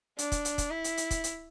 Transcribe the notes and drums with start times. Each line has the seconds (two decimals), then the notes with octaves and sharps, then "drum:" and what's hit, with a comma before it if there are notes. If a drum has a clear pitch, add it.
0.19 D4, drum: hi-hat
0.32 drum: kick, hi-hat
0.45 drum: hi-hat
0.58 drum: kick, hi-hat
0.71 E4
0.84 drum: hi-hat
0.97 drum: hi-hat
1.11 drum: kick, hi-hat
1.24 drum: hi-hat